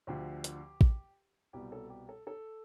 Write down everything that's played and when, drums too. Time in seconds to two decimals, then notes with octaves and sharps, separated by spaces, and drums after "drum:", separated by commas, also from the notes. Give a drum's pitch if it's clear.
0.07 D2 D3 F3 G4
0.44 drum: hi-hat
0.81 drum: kick A1
1.53 C2 B2 G3 G4
1.72 A4
1.90 G4
2.09 A4
2.27 A4